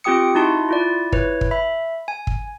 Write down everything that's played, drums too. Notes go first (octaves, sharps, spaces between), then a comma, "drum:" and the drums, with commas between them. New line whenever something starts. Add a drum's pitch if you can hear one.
C4 F4 G4 G5 D#6 C#7
D#4 E4 F#4 A5 C6
E4 F4 D5
E4 B4 C#5, drum: kick
drum: kick
E5 B5
G#5
drum: kick